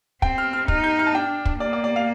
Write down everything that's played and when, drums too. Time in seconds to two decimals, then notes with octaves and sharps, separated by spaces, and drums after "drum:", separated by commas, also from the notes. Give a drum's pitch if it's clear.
0.22 C4 G5, drum: kick
0.38 F6
0.53 F6
0.68 D#4 F6, drum: kick
0.84 G6
0.99 F6
1.07 A5
1.15 D4 G5
1.45 drum: kick
1.60 A#3 D5
1.73 D5
1.84 D5
1.96 F5